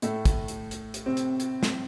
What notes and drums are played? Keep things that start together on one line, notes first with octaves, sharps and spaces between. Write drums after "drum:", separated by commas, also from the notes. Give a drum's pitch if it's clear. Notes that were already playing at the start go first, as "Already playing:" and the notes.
A2 A3, drum: hi-hat
drum: kick, hi-hat
drum: hi-hat
drum: hi-hat
drum: hi-hat
C3 C4
drum: hi-hat
drum: hi-hat
drum: snare